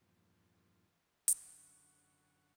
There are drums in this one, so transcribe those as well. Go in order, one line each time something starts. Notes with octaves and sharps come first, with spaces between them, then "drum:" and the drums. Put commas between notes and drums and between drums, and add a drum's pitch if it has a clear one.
E2 G2 A#2 F3
F#2 D3 F#5 C#6, drum: hi-hat